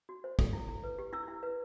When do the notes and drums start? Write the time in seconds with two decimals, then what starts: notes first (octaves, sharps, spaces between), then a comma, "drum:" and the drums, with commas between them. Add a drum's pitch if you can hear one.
0.09 F#4
0.24 C5
0.39 A4, drum: kick
0.53 E4
0.69 E4
0.84 B4
0.99 G4
1.13 E4 E6
1.28 E4
1.43 B4